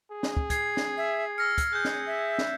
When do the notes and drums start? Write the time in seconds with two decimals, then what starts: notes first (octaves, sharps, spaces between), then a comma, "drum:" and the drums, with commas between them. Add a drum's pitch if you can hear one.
0.11 G#4
0.23 drum: snare
0.37 drum: kick
0.50 G#6 C7, drum: kick, hi-hat
0.77 drum: snare
0.97 E5
1.38 E6 F6 A#6 C#7
1.58 drum: kick, hi-hat
1.73 G#4 F#6 G6
1.85 drum: snare
2.07 E5
2.38 drum: snare